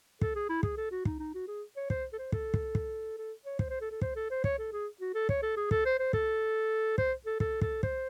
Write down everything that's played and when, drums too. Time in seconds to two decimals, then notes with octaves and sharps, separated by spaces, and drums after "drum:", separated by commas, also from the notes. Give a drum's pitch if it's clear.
0.21 A4, drum: kick
0.35 G#4
0.49 E4
0.63 G#4, drum: kick
0.77 A4
0.91 F#4
1.05 D#4, drum: kick
1.19 D#4
1.34 F#4
1.48 G#4
1.76 C#5
1.90 C5, drum: kick
2.13 A4
2.18 C5
2.32 A4, drum: kick
2.54 drum: kick
2.75 drum: kick
3.17 A4
3.45 C#5
3.59 C5, drum: kick
3.70 C5
3.81 A4
3.91 A4
4.01 C5, drum: kick
4.16 A4
4.30 C5
4.44 C#5, drum: kick
4.58 A4
4.72 G#4
5.00 F#4
5.14 A4
5.29 C#5, drum: kick
5.42 A4
5.57 G#4
5.71 A4, drum: kick
5.85 C5
5.99 C5
6.13 A4, drum: kick
6.98 C5, drum: kick
7.26 A4
7.40 A4, drum: kick
7.61 A4, drum: kick
7.83 C5, drum: kick